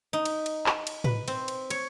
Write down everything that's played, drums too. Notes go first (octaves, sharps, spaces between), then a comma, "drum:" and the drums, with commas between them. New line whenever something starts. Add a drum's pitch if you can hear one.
D#4
drum: cymbal
drum: cymbal
drum: clap
drum: cymbal
B4, drum: tom
C4, drum: cymbal
drum: cymbal
C#5, drum: cymbal